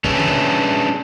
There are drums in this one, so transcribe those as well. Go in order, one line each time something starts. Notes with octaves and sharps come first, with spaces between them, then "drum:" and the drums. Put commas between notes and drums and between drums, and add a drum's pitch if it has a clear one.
C#4 D4 G#4 B4 C#5 E5, drum: kick
drum: tom C3